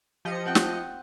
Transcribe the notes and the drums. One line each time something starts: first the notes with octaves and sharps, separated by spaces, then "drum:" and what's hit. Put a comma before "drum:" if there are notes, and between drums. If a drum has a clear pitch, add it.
F3 G4 D#5 C#7
C4 F#5 G5
drum: snare